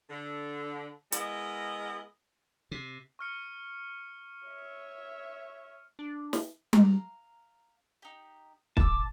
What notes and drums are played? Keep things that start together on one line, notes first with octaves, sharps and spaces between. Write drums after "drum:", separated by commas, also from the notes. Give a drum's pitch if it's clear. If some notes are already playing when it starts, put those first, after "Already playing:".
D3
G#3 B3 E4 A#4 D#5, drum: hi-hat
C3
C#6 F6 C#7
C#5 E5
D4
drum: snare
F5 A#5, drum: tom G3
D#4 G4
A5 D6 E6, drum: kick